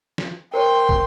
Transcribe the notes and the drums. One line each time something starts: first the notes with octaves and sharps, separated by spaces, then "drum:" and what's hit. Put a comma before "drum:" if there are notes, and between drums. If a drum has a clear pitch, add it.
drum: snare
A#4 C5 C#5 G5 C6
drum: kick